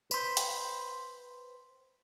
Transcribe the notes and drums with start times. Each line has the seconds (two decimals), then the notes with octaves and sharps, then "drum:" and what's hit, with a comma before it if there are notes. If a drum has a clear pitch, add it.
0.11 B4 C5, drum: tambourine
0.37 drum: hi-hat